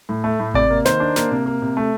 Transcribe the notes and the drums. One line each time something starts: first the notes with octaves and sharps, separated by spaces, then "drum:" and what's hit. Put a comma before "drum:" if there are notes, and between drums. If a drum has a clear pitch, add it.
A2
A3
A2
C3 D5, drum: kick G#1
A#3
D#3 C5, drum: snare
D4
A#3, drum: snare
C3
A#3
C3
A3